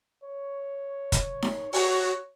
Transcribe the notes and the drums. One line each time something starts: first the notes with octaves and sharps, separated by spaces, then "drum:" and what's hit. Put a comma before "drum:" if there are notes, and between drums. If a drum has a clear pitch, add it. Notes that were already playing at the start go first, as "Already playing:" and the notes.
C#5
drum: kick, hi-hat
drum: snare D#4
F#4 C#5, drum: open hi-hat